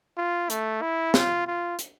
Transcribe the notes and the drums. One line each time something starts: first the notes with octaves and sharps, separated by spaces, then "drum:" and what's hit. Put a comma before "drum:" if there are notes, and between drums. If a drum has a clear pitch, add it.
F4
A3, drum: hi-hat
E4
F4, drum: snare
F4
drum: hi-hat